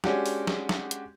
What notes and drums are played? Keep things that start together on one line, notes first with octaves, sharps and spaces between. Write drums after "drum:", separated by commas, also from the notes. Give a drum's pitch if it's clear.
G#3 C#4 D4 F#4 G4, drum: snare
drum: open hi-hat
drum: snare
drum: snare
drum: hi-hat